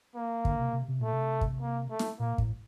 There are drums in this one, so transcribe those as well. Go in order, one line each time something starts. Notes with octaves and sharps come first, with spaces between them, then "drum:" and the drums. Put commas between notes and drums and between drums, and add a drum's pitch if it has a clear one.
A#3
D3, drum: kick
C3
C3
C3
A#2 A3
C3
drum: kick
A#3
A3
drum: snare
A#2 A#3
A2, drum: kick